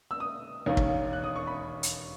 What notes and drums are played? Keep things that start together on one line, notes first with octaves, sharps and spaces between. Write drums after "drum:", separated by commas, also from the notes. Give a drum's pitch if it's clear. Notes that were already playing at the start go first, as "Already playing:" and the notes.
E6
D#6
E1 D#2 D#3 A#3 C#4
drum: kick
F#6
D#6
C#6
B5
drum: hi-hat